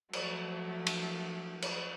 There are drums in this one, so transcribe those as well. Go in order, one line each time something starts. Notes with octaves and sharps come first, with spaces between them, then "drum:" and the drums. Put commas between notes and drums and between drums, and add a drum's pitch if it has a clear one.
F3 F#3 A3, drum: cymbal
drum: cymbal
drum: cymbal